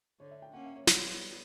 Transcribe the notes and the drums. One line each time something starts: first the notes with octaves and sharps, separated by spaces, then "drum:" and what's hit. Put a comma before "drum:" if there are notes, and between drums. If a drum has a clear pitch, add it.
D3 C#5
E5
G5
A#3 C#4 F#5
E5
C#5
G3 B3, drum: snare